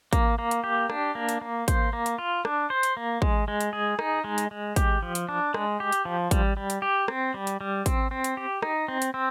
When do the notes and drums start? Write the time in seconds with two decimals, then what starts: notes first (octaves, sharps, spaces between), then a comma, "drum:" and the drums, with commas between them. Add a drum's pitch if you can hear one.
0.13 A#3, drum: kick, hi-hat
0.39 A#3
0.51 drum: hi-hat
0.64 G4
0.90 D4, drum: rim click
1.15 A#3
1.29 drum: hi-hat
1.41 A#3
1.68 C5, drum: kick, hi-hat
1.93 A#3
2.06 drum: hi-hat
2.18 F4
2.45 D4, drum: rim click
2.70 C5
2.83 drum: hi-hat
2.97 A#3
3.22 G#3, drum: kick
3.48 G#3
3.61 drum: hi-hat
3.73 G#4
3.99 D#4, drum: rim click
4.24 G#3
4.38 drum: hi-hat
4.51 G#3
4.76 G4, drum: kick, hi-hat
5.03 F3
5.15 drum: hi-hat
5.29 D4
5.54 G#3, drum: rim click
5.80 G4
5.92 drum: hi-hat
6.05 F3
6.31 G3, drum: kick, hi-hat
6.57 G3
6.70 drum: hi-hat
6.82 G4
7.08 C4, drum: rim click
7.34 G3
7.47 drum: hi-hat
7.61 G3
7.86 C4, drum: kick, hi-hat
8.11 C4
8.24 drum: hi-hat
8.37 G4
8.62 D#4, drum: rim click
8.88 C4
9.02 drum: hi-hat
9.14 C4